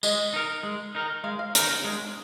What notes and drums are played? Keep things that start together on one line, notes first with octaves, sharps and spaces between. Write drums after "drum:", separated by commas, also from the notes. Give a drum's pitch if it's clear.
G#3 D#5, drum: tambourine
D#4 A#4
G#3
D#4 A#4
G#3 F5
F5
D#4 A#4, drum: hi-hat
G#3